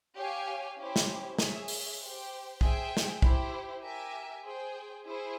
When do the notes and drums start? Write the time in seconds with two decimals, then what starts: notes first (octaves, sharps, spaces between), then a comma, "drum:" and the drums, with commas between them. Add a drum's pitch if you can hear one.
0.16 G4 C#5 F5 G#5
0.77 C#4 E4 G4 C5
0.96 drum: snare
1.39 G#4 C#5 E5, drum: snare
1.68 drum: open hi-hat
2.00 G4 C5 G5
2.61 G#4 C5 E5 G5, drum: kick
2.97 drum: snare
3.22 E4 G4 C5, drum: kick
3.83 G4 A#4 E5 G#5
4.45 G#4 C5 G5
5.06 E4 G#4 C5